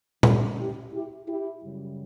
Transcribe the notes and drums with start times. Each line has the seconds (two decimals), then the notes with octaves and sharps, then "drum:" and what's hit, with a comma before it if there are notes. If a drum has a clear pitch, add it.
0.23 D2 D3 A3 C#4 F#4, drum: tom A#2
0.58 E4 G4
0.93 E4 G4
1.27 E4 G4
1.62 F#2 C#3 G3